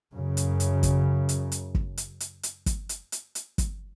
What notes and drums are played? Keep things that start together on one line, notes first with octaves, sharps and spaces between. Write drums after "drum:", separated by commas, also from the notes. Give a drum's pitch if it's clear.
F#2 C#3
drum: hi-hat
drum: hi-hat
drum: kick, hi-hat
drum: hi-hat
drum: hi-hat
drum: kick
drum: hi-hat
drum: hi-hat
drum: hi-hat
drum: kick, hi-hat
drum: hi-hat
drum: hi-hat
drum: hi-hat
drum: kick, hi-hat